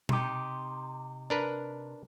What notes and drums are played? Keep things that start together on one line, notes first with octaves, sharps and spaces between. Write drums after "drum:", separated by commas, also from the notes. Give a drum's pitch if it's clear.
C3 D#4 G4, drum: tom B2
D4 A#4 B4